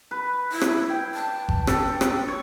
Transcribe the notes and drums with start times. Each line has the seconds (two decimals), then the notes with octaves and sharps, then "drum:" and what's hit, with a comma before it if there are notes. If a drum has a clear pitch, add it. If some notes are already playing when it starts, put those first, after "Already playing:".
0.11 B4
0.52 E4
0.61 drum: rim click
0.89 G5
1.14 A5
1.49 drum: kick G1
1.67 A4 G5, drum: rim click
2.01 drum: rim click
2.28 C#5